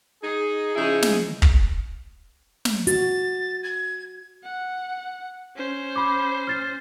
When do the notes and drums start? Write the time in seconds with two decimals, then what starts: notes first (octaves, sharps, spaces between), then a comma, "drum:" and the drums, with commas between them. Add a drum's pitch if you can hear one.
0.23 D#4 G#4
0.76 C#3 F3 D#4 E4 G#4
1.02 drum: snare
1.42 drum: kick
2.65 drum: snare
2.87 F#4 A6, drum: hi-hat
3.63 G#6
4.44 F#5
5.56 C#4 C5
5.96 B5 D6
6.47 F6 A6 C7